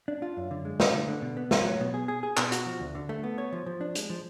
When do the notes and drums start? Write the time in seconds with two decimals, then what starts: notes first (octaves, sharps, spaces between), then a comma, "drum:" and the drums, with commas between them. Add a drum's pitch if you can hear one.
0.08 D4
0.22 F4
0.37 F#2
0.51 D3
0.65 G#3
0.80 D4, drum: snare
0.94 D3
1.08 D3
1.22 B2
1.37 B3
1.51 B1, drum: snare
1.65 F#3
1.80 B2
1.94 G#4
2.08 G#4
2.23 G#4
2.37 B2, drum: clap
2.52 F#4, drum: hi-hat
2.66 F3
2.80 D2
2.95 D3
3.09 A3
3.24 B3
3.38 C#5
3.52 F3
3.66 F3
3.81 D4
3.95 G#3, drum: hi-hat
4.10 F3